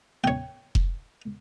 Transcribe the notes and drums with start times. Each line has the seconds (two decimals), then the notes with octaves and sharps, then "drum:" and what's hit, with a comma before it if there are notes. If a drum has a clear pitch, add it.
0.24 C#5 G5
0.75 drum: kick F1